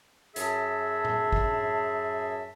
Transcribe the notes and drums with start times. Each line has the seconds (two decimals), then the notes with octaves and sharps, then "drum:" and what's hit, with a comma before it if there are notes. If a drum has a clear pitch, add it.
0.36 F#2 G#4 E5 A5, drum: hi-hat
1.05 drum: tom A2
1.32 drum: kick